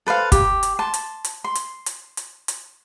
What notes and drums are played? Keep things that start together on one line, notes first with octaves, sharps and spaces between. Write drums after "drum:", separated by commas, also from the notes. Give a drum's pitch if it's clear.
A4 B4 C5 F5
G4, drum: kick, hi-hat
drum: hi-hat
A5 C6
drum: hi-hat
drum: hi-hat
C6
drum: hi-hat
drum: hi-hat
drum: hi-hat
drum: hi-hat